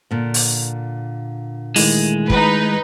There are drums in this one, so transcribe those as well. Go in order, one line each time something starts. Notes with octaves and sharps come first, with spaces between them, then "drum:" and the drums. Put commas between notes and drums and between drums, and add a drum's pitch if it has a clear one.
A#2 D3
drum: open hi-hat
D#3 G#3 A3 E4, drum: open hi-hat
D#4 B4, drum: kick